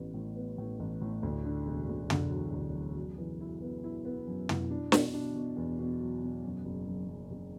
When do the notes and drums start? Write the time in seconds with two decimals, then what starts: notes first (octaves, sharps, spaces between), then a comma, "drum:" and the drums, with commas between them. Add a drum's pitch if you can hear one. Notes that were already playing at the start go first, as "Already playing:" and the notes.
Already playing: A1 E3 B3
0.14 A2
0.36 B3
0.58 A2
0.80 A1
1.01 A2
1.23 D2
1.44 D3
1.67 E1
1.89 D2
2.10 D3, drum: tom
2.31 F#3
2.53 D2
2.74 F#3
2.96 F#2
3.18 E3
3.40 E4
3.61 B3
3.84 E4
4.05 B3
4.27 F#2
4.49 E4, drum: tom
4.71 D4
4.92 B2, drum: snare
5.14 D4
5.35 B2
5.57 E2
5.79 B2
6.01 F#3
6.23 B2
6.44 F#2
6.65 F#1
6.87 F#2
7.09 F#2
7.31 F#1